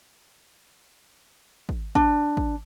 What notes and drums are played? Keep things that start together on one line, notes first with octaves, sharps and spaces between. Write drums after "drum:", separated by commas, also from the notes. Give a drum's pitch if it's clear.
drum: kick
D4, drum: kick
drum: kick